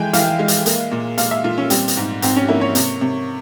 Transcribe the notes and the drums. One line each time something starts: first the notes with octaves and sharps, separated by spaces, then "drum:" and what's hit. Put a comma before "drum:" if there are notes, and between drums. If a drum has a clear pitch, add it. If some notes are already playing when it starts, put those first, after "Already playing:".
Already playing: E3 G#3 G5 G#5
E3 F5, drum: hi-hat
G#3
drum: hi-hat
A#3, drum: hi-hat
A#2
A#2 F5, drum: hi-hat
E5
A#2 F4
C#4
G3 C4, drum: hi-hat
drum: hi-hat
G#2
G#2 C4, drum: hi-hat
C#4
A#3 E4
C#5
C3, drum: hi-hat
C3